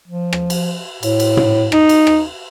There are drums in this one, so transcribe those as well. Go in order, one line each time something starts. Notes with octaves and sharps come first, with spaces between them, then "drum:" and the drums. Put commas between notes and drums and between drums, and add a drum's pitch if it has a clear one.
F3
drum: rim click
drum: cymbal
A2, drum: cymbal
drum: cymbal
drum: tom
D#4, drum: rim click
drum: cymbal
drum: rim click